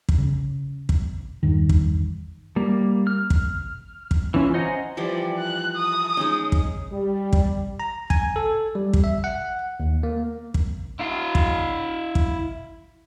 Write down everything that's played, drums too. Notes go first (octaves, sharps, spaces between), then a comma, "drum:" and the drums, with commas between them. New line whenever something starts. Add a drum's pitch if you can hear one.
drum: kick
C#3
drum: kick
E2 G2 D#3
drum: kick
G3 A#3
F6
drum: kick
drum: kick
E3 C#4 F4
C5 D#5 F#5 G#5 A#5
E3 F3 G3 D5
F#6
D#6
G#3 C#4 D#4
drum: kick
G3
drum: kick
A#5
G#5, drum: kick
A4
G3
drum: kick
E5
F#5
D#2
A#3
drum: kick
E4 F5
drum: kick
drum: kick